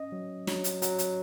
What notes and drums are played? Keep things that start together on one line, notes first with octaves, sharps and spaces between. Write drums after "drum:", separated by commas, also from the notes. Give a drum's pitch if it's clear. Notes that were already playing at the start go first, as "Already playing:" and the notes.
Already playing: C#4 D#5
F#3
F#3, drum: snare
drum: hi-hat
F#3, drum: hi-hat
drum: hi-hat